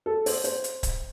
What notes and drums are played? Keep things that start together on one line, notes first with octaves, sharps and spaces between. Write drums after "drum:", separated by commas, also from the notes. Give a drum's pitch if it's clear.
A4
C5, drum: open hi-hat
C5, drum: hi-hat
drum: hi-hat
drum: kick C#1, hi-hat